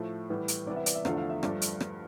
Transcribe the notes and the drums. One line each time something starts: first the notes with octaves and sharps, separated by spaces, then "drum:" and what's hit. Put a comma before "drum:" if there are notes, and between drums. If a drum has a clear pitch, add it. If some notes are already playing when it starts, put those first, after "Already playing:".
Already playing: A2 F3 A3
A2 E3 G3 B3
drum: hi-hat
C3 E3 G3 B3 D5
E5
D5, drum: hi-hat
E5
E2 D3 F3 A3 F5, drum: rim click
F5
E5
G2 F3 A3 D5, drum: rim click
drum: hi-hat
drum: rim click